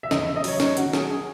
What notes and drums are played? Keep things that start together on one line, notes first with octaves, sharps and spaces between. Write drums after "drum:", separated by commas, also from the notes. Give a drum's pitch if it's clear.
E5
E2 D#5, drum: snare
C#3 E5
D#5
F#3 C#5, drum: open hi-hat
F#2 C#5, drum: snare
D#3 F#4, drum: hi-hat
F#3 G#4, drum: snare
G#4